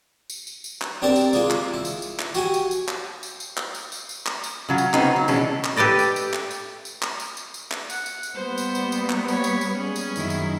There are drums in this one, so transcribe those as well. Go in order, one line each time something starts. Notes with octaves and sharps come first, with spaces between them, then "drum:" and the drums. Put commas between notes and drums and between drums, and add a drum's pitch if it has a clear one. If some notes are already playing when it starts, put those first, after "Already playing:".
drum: tambourine
drum: tambourine
drum: tambourine
drum: clap
C4 D4 G4 A#4 D5 A5
drum: tambourine
G#3 A#3 F4, drum: tambourine
drum: clap
E4
drum: tambourine
drum: tambourine
drum: clap
F#4 G4 G#5, drum: tambourine
drum: tambourine
drum: tambourine
drum: clap
drum: tambourine
drum: tambourine
drum: clap
drum: tambourine
drum: tambourine
drum: tambourine
drum: clap
drum: tambourine
C#3 F#3 F4
drum: tambourine
C#3 B3 C4 D#4, drum: clap
F#3
B2 E3 G#3 C#4 D4, drum: tambourine
drum: clap
G4 A4 B4 D5 D#5
drum: tambourine
drum: tambourine
drum: clap
drum: tambourine
drum: tambourine
drum: clap
drum: tambourine
drum: tambourine
drum: tambourine
drum: clap
F#5, drum: tambourine
drum: tambourine
drum: tambourine
G3 A#3 B3 C5
drum: tambourine
drum: tambourine
drum: tambourine
drum: clap
C#5 B5, drum: tambourine
drum: tambourine
drum: tambourine
C#4 G#4
drum: tambourine
F#2 D#3 E4, drum: tambourine
drum: tambourine